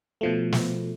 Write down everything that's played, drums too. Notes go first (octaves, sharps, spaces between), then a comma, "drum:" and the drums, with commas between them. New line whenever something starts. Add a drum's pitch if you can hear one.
B2 F3 A3
drum: snare